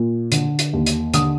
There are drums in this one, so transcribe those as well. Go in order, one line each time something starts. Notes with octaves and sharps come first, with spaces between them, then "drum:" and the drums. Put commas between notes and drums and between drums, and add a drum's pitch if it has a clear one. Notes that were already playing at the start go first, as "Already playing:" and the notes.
Already playing: A#2
D3, drum: hi-hat
drum: hi-hat
D#2
drum: hi-hat
D3 D#6, drum: hi-hat